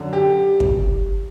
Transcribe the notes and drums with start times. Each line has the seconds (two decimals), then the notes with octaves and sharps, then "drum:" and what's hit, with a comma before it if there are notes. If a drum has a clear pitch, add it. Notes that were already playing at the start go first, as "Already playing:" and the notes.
Already playing: F#2 D3
0.13 G4
0.60 drum: kick